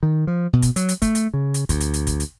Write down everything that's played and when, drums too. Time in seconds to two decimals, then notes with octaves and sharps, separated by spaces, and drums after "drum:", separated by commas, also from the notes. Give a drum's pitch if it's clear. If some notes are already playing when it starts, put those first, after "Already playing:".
0.03 D#3
0.27 F3
0.53 B2
0.62 drum: kick, hi-hat
0.76 F#3, drum: hi-hat
0.89 drum: hi-hat
1.02 A3, drum: kick, hi-hat
1.15 drum: hi-hat
1.34 C#3
1.54 drum: hi-hat
1.69 D2, drum: kick, hi-hat
1.80 drum: hi-hat
1.94 drum: hi-hat
2.07 drum: kick, hi-hat
2.20 drum: hi-hat